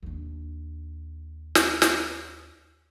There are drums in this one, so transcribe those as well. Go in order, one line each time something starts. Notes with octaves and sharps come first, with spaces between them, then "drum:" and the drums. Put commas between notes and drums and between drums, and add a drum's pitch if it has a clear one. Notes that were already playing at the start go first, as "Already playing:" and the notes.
D#2 D4
drum: snare
drum: snare